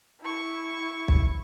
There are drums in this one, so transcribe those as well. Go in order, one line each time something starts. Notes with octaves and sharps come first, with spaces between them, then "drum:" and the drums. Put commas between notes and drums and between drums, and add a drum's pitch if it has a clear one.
E4 C#6
drum: kick B1